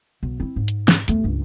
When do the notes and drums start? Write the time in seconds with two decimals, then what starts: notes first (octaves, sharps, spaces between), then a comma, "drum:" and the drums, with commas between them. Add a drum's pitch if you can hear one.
0.23 B1
0.40 C4 E4
0.56 G#2
0.68 drum: hi-hat
0.88 drum: snare
1.08 E2 A3, drum: hi-hat
1.24 C#2 G2